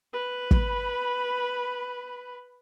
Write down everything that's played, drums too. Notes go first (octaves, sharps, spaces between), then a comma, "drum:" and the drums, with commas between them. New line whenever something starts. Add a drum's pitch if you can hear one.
B4 B5
drum: kick